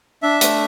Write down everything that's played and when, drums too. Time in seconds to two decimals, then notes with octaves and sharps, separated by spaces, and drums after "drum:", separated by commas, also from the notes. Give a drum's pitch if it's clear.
0.23 D4 E5
0.41 A3, drum: hi-hat